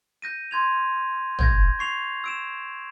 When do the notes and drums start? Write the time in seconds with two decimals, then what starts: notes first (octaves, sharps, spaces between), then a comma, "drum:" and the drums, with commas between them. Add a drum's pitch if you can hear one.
0.22 G6 A#6 D#7
0.51 C6 G#6 F7
1.39 G6 G#6 A#6, drum: tom
1.79 C#6 C7 F7
2.24 E6 D7 E7